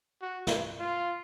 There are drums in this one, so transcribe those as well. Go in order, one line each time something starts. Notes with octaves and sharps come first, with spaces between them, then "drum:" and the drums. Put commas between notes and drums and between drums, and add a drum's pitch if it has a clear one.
F#4
drum: snare
F4